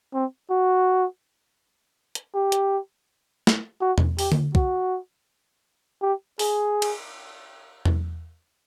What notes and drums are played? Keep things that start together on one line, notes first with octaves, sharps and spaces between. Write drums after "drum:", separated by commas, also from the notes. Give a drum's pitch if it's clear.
C4
F#4
drum: hi-hat
G4
drum: hi-hat
drum: snare
F#4
drum: tom E2
G4, drum: open hi-hat
drum: tom D3
F#4, drum: kick
G4
G#4, drum: open hi-hat
drum: cymbal
drum: tom E2